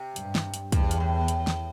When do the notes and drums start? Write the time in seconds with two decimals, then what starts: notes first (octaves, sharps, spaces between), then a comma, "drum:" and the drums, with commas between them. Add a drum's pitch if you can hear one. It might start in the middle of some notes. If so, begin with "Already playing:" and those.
Already playing: C3
0.16 G2, drum: hi-hat
0.35 drum: snare
0.54 drum: hi-hat
0.72 E2 G2, drum: kick, hi-hat
0.91 drum: hi-hat
1.00 A2
1.28 drum: hi-hat
1.47 drum: snare